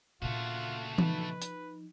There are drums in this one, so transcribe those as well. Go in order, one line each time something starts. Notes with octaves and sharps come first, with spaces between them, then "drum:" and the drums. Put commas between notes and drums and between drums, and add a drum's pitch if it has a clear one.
A#2 C#3 A3 F4 F#4
F3 D#4 B4, drum: tom E3
drum: hi-hat